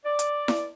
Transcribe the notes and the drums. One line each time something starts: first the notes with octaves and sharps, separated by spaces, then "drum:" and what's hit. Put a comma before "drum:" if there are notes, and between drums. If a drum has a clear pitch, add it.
D5
drum: hi-hat
drum: snare E4